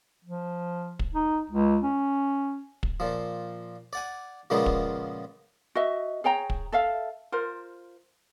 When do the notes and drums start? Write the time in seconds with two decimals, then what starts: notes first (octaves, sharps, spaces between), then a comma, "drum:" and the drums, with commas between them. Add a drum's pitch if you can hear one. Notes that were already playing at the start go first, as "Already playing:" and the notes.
0.25 F3
0.99 drum: kick
1.13 D#4
1.50 C#2
1.83 C#4
2.83 drum: kick
3.00 A#2 F3
3.93 D5 F#5 G#5
4.50 A#2 C#3 F3 G#3 A#3 B3
4.66 drum: kick
5.75 F#4 D#5 E5
6.24 G#4 C#5 G5 A#5
6.50 drum: kick
6.72 A4 E5 F5
7.32 F4 A#4 C5